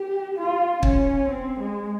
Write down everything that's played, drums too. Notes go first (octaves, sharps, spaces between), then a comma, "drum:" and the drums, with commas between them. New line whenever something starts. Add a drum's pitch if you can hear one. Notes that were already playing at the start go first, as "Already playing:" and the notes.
Already playing: G4
F4
C#4, drum: kick
C4
G#3